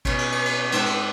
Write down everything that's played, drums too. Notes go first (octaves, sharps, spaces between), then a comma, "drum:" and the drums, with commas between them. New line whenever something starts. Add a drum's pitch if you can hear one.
B2 C#4, drum: kick, cymbal
drum: cymbal
drum: cymbal
drum: cymbal
G#2 C4 A4, drum: cymbal
drum: cymbal